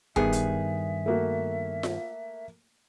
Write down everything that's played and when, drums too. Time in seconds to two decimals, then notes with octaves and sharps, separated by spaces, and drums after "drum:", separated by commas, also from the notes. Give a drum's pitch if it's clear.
0.16 G2 D#3 B3 G#4 E5, drum: kick
0.33 drum: hi-hat
1.06 A3 A#3 F#4
1.83 drum: snare F4